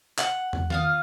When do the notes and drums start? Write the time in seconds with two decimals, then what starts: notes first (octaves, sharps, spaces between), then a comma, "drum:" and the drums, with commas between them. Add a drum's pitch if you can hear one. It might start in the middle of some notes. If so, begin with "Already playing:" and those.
0.18 F#5, drum: clap
0.53 drum: tom
0.70 F4 F5 D#6, drum: tom D#3